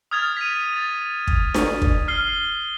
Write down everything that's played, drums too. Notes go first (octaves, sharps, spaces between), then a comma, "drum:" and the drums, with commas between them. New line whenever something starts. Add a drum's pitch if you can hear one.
D#6 F6 G#6 A6 F7
B6 D#7
A6
drum: kick
drum: snare D4
drum: kick
F6 C7 G7